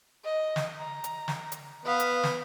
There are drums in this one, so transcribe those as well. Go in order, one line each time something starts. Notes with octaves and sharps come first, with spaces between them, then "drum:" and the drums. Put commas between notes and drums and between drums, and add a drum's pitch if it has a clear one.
D#5
drum: snare
A#5
drum: hi-hat
drum: snare
drum: hi-hat
B3 F5
drum: hi-hat
drum: snare